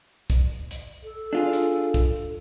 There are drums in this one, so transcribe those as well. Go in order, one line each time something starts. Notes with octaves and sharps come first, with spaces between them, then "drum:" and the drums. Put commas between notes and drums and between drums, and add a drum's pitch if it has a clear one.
drum: kick B1, hi-hat
drum: hi-hat
A4
D4 F4 G#4
drum: hi-hat
drum: kick B1, hi-hat